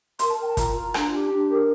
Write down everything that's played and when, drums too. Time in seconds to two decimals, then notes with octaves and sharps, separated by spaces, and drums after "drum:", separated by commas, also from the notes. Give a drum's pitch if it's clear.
0.19 A#4 C6, drum: hi-hat
0.29 A5
0.38 A#4 G5
0.47 A5
0.57 F4 A#5, drum: kick, hi-hat
0.75 F4
0.94 D4, drum: rim click
1.12 G4
1.31 D4
1.50 A#4